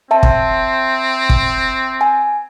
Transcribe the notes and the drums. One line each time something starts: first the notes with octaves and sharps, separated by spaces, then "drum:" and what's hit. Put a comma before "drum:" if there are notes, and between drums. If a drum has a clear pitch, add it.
C4 E5 A5
drum: kick
drum: kick
G#5